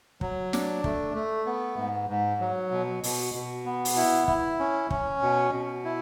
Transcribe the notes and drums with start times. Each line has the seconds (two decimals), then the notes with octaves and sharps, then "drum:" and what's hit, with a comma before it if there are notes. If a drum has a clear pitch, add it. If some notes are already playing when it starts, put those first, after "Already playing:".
0.21 F#3, drum: kick
0.53 D4, drum: snare
0.84 A3, drum: kick
1.15 A3
1.46 B3
1.77 G#2
2.09 G#2
2.41 F#3
2.71 B2
3.03 B2, drum: open hi-hat
3.35 B2
3.66 B3
3.85 drum: open hi-hat
3.96 E4
4.28 E4, drum: kick
4.60 C#4
4.91 C#4, drum: kick
5.22 B2
5.53 B2
5.84 E4